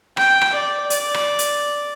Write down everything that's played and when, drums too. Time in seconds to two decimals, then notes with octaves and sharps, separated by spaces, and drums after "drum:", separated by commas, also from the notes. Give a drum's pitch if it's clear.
0.17 G5, drum: rim click
0.41 drum: rim click
0.53 D5
0.90 D5, drum: hi-hat
1.14 drum: rim click
1.39 drum: hi-hat